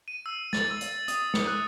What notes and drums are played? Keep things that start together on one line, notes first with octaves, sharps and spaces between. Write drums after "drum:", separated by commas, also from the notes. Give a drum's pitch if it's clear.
D#7
E6
A6, drum: snare
E6
drum: hi-hat
D#6, drum: hi-hat
C#7, drum: snare
F#6